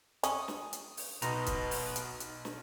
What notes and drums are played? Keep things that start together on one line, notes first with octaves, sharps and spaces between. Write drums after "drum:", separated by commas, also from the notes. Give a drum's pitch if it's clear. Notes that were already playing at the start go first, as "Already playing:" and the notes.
C#4 D#6, drum: hi-hat
drum: snare
drum: hi-hat
drum: open hi-hat
B1 B2 D#4 A#5 C6, drum: hi-hat
drum: kick, hi-hat
drum: open hi-hat
drum: hi-hat
drum: hi-hat
drum: snare